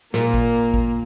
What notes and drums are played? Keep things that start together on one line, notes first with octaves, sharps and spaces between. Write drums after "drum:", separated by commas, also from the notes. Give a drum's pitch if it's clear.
A#2 A#3, drum: snare
drum: kick
drum: kick